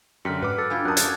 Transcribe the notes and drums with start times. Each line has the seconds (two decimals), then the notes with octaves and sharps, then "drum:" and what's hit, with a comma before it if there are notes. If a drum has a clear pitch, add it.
0.25 F#2 D3 G4 F6 B6 C#7
0.42 G#2 F#3 B4 D6
0.58 A4 E6 A6 C#7
0.70 G3 D4 F4 G#5 G#6
0.85 F#2 F#4 A#4 A5 D#6 F#6 G6
0.97 F#6 G#6 A6, drum: hi-hat